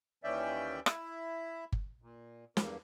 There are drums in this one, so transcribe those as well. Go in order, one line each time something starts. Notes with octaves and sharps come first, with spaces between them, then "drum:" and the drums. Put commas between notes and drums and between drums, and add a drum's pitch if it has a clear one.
D#2 E3 C#4 D5 E5 G5
E4 E5, drum: rim click
drum: kick G1
A#2
E2 G2 A#3, drum: snare